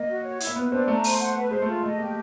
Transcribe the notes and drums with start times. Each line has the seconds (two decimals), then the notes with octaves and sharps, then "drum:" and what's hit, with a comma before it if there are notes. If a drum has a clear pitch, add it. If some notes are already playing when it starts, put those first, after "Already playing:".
Already playing: A#3 D#5
0.08 F#4
0.24 C#5
0.40 E4, drum: hi-hat
0.47 A#3
0.56 B3 B4
0.72 C4 D4
0.88 A3 A#5
1.04 C5, drum: open hi-hat
1.20 F#5
1.35 B4
1.51 G#3 C5
1.62 A3
1.68 F4
1.82 A3 D#5
1.98 A#3 G4